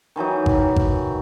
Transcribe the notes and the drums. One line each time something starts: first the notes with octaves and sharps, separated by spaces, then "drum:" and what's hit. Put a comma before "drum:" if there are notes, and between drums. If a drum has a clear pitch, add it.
D#3 E3 F#3 D#4
drum: kick G#1
drum: kick G#1